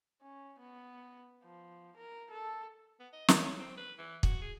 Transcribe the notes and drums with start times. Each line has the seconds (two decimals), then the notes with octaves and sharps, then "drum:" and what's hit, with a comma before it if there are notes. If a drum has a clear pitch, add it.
0.21 C#4
0.60 B3
1.44 F3
1.97 A#4
2.31 A4
3.00 B3
3.13 D#5
3.28 C#5, drum: snare
3.59 C4
3.77 B4
3.98 E3
4.23 F#4, drum: kick
4.42 G#4